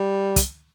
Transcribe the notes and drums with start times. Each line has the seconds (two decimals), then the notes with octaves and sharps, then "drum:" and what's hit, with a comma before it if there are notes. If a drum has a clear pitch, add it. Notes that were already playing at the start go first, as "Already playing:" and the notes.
Already playing: G3
0.36 drum: kick, hi-hat